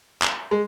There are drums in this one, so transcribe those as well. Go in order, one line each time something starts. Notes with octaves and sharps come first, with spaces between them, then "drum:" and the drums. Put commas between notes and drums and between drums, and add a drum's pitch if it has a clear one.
drum: clap
G#3